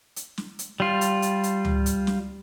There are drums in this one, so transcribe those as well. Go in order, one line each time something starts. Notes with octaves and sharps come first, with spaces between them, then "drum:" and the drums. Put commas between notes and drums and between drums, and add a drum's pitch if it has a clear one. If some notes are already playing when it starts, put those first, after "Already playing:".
drum: hi-hat
drum: snare
drum: hi-hat
G3 F4
drum: hi-hat
drum: hi-hat
drum: hi-hat
drum: tom C#2
drum: hi-hat
drum: snare